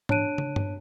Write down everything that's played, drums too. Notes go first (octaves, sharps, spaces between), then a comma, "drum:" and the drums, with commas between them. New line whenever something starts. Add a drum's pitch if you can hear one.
D4 C#5 A5 F#6 D7 D#7, drum: tom G#2
drum: tom
drum: tom G2